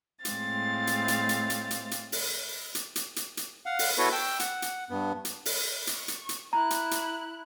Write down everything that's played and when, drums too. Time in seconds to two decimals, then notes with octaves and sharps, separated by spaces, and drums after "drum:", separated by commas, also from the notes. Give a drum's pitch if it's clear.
0.25 A2 G#3 C4 F5 A6, drum: hi-hat
0.87 drum: hi-hat
1.08 drum: hi-hat
1.29 drum: hi-hat
1.50 drum: hi-hat
1.71 drum: hi-hat
1.91 drum: hi-hat
2.12 drum: open hi-hat
2.75 drum: hi-hat
2.96 drum: hi-hat
3.16 drum: hi-hat
3.37 drum: hi-hat
3.66 F5 F#5
3.79 drum: open hi-hat
3.98 B3 E4 F#4 A4 B4 C#5
4.12 G5 E6
4.40 F#5, drum: hi-hat
4.62 drum: hi-hat
4.90 G2 B3
5.25 drum: hi-hat
5.46 drum: open hi-hat
5.87 drum: hi-hat
5.96 C#6
6.08 drum: hi-hat
6.29 drum: hi-hat
6.53 E4 A#5 F#6
6.70 drum: hi-hat
6.91 drum: hi-hat